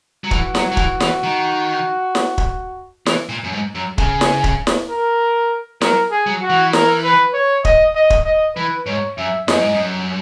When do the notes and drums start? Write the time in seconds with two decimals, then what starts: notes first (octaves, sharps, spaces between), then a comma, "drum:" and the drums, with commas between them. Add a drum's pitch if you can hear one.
0.24 F#3
0.31 E3 F#4, drum: kick
0.55 F#3, drum: snare
0.72 F#3
0.77 E3, drum: kick
1.00 E3, drum: snare
1.23 D#3
2.15 drum: snare
2.38 drum: kick
3.06 E3, drum: snare
3.29 A#2
3.44 F#2
3.52 G#2
3.75 F#2
3.98 C#3 G#4, drum: kick
4.21 drum: snare
4.44 drum: kick
4.67 drum: snare
4.89 A#4
5.81 F#3 A#4, drum: snare
6.11 G#4
6.27 F#3
6.42 F#4
6.50 E3
6.73 A#4, drum: snare
7.04 B4
7.34 C#5
7.65 D#5, drum: kick
7.95 D#5
8.10 drum: kick
8.25 D#5
8.56 E3 B4
8.86 G#2 C#5
9.18 F#2 E5
9.48 F#2 D#5, drum: snare
9.61 G#2
9.74 F#2